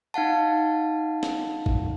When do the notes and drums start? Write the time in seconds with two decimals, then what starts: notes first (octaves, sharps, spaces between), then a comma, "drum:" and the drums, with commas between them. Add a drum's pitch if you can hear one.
0.14 D#4 F5 F#5 A5
1.23 drum: snare
1.66 drum: kick